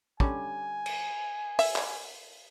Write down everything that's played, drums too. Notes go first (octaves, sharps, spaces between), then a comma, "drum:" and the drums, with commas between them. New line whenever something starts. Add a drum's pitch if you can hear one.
D3 G3 C#4 G#5, drum: kick
drum: cymbal
E5, drum: open hi-hat
drum: clap